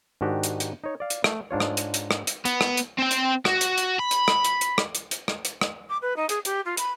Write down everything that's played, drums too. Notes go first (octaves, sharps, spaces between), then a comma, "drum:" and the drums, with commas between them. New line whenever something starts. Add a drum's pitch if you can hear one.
G#2 D#3 D4 F#4 G4
drum: hi-hat
drum: hi-hat
D#4 C#5
D5 F5
drum: hi-hat
A3, drum: rim click
G#2 D4 F4 C#5
drum: rim click
drum: hi-hat
drum: hi-hat
drum: rim click
drum: hi-hat
B3, drum: hi-hat
drum: rim click
drum: hi-hat
C4 G5
drum: hi-hat
F#4, drum: rim click
drum: hi-hat
drum: hi-hat
B5
drum: hi-hat
drum: rim click
drum: hi-hat
drum: hi-hat
drum: rim click
drum: hi-hat
drum: hi-hat
drum: rim click
drum: hi-hat
drum: rim click
D6
B4
D#4
G#4, drum: hi-hat
G4, drum: hi-hat
F4
B5, drum: hi-hat